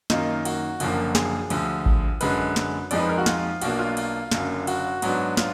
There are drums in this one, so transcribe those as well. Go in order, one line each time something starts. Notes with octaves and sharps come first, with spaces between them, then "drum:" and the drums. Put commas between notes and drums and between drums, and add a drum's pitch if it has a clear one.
F#2 D#3 A#3 D#4 F4, drum: snare
F#4, drum: cymbal
F#1 F#2 D3 F3 A#3, drum: cymbal
G#4, drum: snare
D2 D3 F3, drum: cymbal
drum: kick G#1
F#2 D3 G#3 B4, drum: cymbal
drum: snare
F2 F3 G#3 D#4 D5, drum: cymbal
B4
A#4
F#4
F4, drum: snare
B1 B2 A#3 D4 F#4, drum: cymbal
F4
drum: cymbal
F#1 F#2 D3, drum: snare
F#4, drum: cymbal
G#2 F#3 B3 D4, drum: cymbal
F4, drum: snare